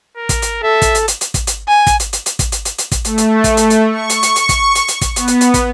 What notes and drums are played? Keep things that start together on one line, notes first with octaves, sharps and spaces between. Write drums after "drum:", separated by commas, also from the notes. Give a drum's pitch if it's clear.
A#4
drum: kick, hi-hat
drum: hi-hat
A4 E5
drum: kick, hi-hat
drum: hi-hat
drum: hi-hat
drum: hi-hat
drum: kick, hi-hat
drum: hi-hat
G#5
drum: kick, hi-hat
drum: hi-hat
drum: hi-hat
drum: hi-hat
drum: kick, hi-hat
drum: hi-hat
drum: hi-hat
drum: hi-hat
drum: kick, hi-hat
A3, drum: hi-hat
drum: hi-hat
drum: kick, hi-hat
drum: hi-hat
drum: hi-hat
C#6
drum: hi-hat
drum: hi-hat
drum: hi-hat
drum: kick, hi-hat
drum: hi-hat
drum: hi-hat
drum: kick, hi-hat
B3, drum: hi-hat
drum: hi-hat
drum: hi-hat
drum: kick, hi-hat